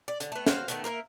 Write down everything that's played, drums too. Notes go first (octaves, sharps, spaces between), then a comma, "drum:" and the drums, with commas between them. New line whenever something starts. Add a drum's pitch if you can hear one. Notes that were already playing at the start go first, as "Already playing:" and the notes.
D5
D3, drum: hi-hat
A3 B3
F#4 C5 F5, drum: snare
D#3 A3 B3, drum: hi-hat
A#3 A#4 B4 E5